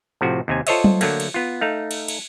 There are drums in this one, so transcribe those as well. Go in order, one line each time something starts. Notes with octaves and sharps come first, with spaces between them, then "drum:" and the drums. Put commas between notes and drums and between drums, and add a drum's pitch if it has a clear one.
A2 C3 F3 F#4
D#2 C3 G#5
F4 A4 C5 C#5 D#5 E5, drum: cymbal
drum: tom F#3
D3 F#3 A3 A#3, drum: cymbal
drum: cymbal
B3 F4
A3 D#4 F5
drum: cymbal
drum: cymbal